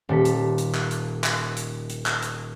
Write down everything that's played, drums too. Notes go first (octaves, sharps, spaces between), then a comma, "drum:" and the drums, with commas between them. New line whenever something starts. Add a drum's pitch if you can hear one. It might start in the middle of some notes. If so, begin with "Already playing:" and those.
D#1 A#2 A4 B6
drum: hi-hat
drum: hi-hat
drum: clap
drum: hi-hat
drum: clap
drum: hi-hat
drum: hi-hat
drum: clap
drum: hi-hat